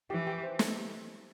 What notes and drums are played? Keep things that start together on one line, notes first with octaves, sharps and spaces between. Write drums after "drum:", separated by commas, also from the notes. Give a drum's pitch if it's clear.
E3 G4 G5
G4 G5
C5
A4, drum: snare